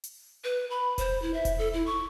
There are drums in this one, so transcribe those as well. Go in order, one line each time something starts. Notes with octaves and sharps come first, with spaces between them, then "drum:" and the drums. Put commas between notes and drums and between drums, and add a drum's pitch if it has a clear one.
drum: hi-hat
B4
B5
C5, drum: kick E1, hi-hat
E4
E5
drum: kick E1, hi-hat
A4
E4
C#6